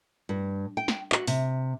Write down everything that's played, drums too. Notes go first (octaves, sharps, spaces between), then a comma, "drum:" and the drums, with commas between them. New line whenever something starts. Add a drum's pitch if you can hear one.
G2
G5
drum: snare
F#4, drum: clap
C3, drum: open hi-hat